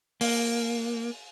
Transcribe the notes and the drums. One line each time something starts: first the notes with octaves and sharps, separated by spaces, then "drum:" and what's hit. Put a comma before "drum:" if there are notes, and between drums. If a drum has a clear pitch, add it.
A#3, drum: open hi-hat